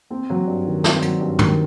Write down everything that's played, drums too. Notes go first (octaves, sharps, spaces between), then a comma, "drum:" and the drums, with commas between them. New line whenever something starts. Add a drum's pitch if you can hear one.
C4
F#3
G2
D#3
C4, drum: snare
F#3, drum: hi-hat
G2
D#3, drum: tom